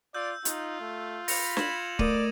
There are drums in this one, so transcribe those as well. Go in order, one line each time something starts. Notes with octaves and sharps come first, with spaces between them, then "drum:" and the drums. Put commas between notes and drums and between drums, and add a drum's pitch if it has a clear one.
F4 D5 E6 G6
D#4 F4, drum: hi-hat
A3
B5 A#6 C#7 F7, drum: open hi-hat
G#6 E7 F#7, drum: snare
A3 A#4 D5 D#6 D#7, drum: kick C#1